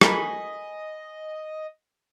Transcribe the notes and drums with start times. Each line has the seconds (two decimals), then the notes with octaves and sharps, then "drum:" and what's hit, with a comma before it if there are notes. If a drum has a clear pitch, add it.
0.01 F4 A4 A#4 D#5 G#5 B5, drum: rim click